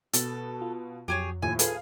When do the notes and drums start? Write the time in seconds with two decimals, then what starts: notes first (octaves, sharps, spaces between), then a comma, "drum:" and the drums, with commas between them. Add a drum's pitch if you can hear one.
0.13 B2 A4, drum: hi-hat
0.62 F4
1.08 F2 F#3 G4 G#4 C#5
1.42 D#2 A2 F3 G#5
1.59 F4 G#4 A4 B4 F5, drum: hi-hat